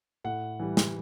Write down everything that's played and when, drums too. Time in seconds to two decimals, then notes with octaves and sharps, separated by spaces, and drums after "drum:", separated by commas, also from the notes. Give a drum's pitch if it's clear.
0.24 A2 F#5
0.59 E3 G3
0.77 drum: snare